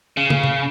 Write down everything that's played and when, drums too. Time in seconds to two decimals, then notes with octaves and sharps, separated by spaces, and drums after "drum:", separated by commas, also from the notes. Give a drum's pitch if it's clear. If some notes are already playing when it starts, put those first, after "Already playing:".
0.17 C#3
0.30 drum: tom
0.44 drum: tom C3